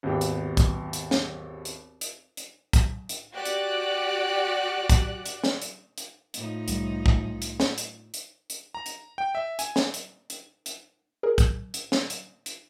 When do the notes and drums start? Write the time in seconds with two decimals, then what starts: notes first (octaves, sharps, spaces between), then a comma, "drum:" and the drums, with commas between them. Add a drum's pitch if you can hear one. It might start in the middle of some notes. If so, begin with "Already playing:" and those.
0.03 G#1 D#2 B3 G4 G5
0.21 drum: hi-hat
0.57 drum: kick, hi-hat
0.93 drum: hi-hat
1.11 drum: snare
1.65 drum: hi-hat
2.01 drum: hi-hat
2.37 drum: hi-hat
2.73 drum: kick, hi-hat
3.09 drum: hi-hat
3.32 F#4 G4 D5 F#6
3.45 drum: hi-hat
4.90 drum: kick, hi-hat
5.26 drum: hi-hat
5.44 drum: snare
5.62 drum: hi-hat
5.98 drum: hi-hat
6.34 A2 F3 D#4, drum: hi-hat
6.68 C2 G3, drum: hi-hat
7.06 drum: kick
7.42 drum: hi-hat
7.60 drum: snare
7.78 drum: hi-hat
8.14 drum: hi-hat
8.50 drum: hi-hat
8.75 A#5
8.86 drum: hi-hat
9.18 G5
9.35 E5
9.59 G#5, drum: hi-hat
9.76 drum: snare
9.94 drum: hi-hat
10.30 drum: hi-hat
10.66 drum: hi-hat
11.23 G#4 A#4
11.38 drum: kick, hi-hat
11.74 drum: hi-hat
11.92 drum: snare
12.10 drum: hi-hat
12.46 drum: hi-hat